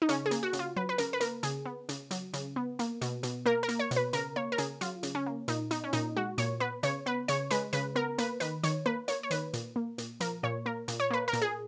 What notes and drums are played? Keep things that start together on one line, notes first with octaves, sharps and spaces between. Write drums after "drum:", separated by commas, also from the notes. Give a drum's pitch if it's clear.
D#4
C#3 C#4, drum: hi-hat
G#4
A#3, drum: hi-hat
F#4
C#3, drum: hi-hat
F4
F#3 B4
B4
C#3 A#4, drum: hi-hat
B4
A#3 A#4, drum: hi-hat
C#3 G#4, drum: hi-hat
B3
C#3, drum: hi-hat
F#3, drum: hi-hat
C#3, drum: hi-hat
B3
A#3, drum: hi-hat
B2, drum: hi-hat
B2, drum: hi-hat
A#3 A#4
A#4
A#3, drum: hi-hat
C#5
B2, drum: hi-hat
B4
C#3 A#4, drum: hi-hat
A#3 C#5
A#4
C#3 G#4, drum: hi-hat
F#3 F4, drum: hi-hat
C#3, drum: hi-hat
C#4
A#3
A#2 D#4, drum: hi-hat
B3 D#4, drum: hi-hat
C#4
A#2 D#4, drum: hi-hat
G#3 F#4
A#2 C#5, drum: hi-hat
B3 B4
C#3 C#5, drum: hi-hat
B3 B4
C#3 C#5, drum: hi-hat
G#3 B4, drum: hi-hat
C#3 B4, drum: hi-hat
B3 A#4
A#3 B4, drum: hi-hat
D#3 B4, drum: hi-hat
D#3 C#5, drum: hi-hat
A#3 B4
A#3 C#5, drum: hi-hat
C#5
D#3 B4, drum: hi-hat
A#2, drum: hi-hat
A#3
A#2, drum: hi-hat
F3 A#4, drum: hi-hat
A#2 C#5
A#3 A#4
A#2, drum: hi-hat
C#5
A#3 B4
A#4
A#2, drum: hi-hat
G#4